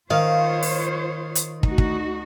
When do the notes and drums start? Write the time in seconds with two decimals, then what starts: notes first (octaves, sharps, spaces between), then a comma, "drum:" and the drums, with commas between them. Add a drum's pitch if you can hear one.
0.11 D#3 F4 C5 C#5 F5
0.63 drum: open hi-hat
1.35 drum: hi-hat
1.63 D2 D#4 F#4, drum: kick
1.78 drum: kick